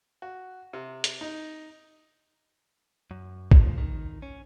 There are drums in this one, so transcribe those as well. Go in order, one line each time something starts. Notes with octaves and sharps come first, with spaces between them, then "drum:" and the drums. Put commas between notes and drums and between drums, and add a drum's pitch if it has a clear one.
F#4
C3
drum: hi-hat
D#4
F#2
F3, drum: kick A#1
D#3
C#4